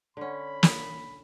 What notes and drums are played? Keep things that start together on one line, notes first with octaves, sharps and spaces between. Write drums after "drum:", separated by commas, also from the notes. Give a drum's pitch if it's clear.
D3 C#4 B5
drum: snare